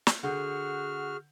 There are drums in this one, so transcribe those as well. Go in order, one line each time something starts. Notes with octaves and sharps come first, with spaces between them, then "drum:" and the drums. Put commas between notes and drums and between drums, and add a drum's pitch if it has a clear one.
drum: snare
D3 F#4 G#4 F#5 F6 G6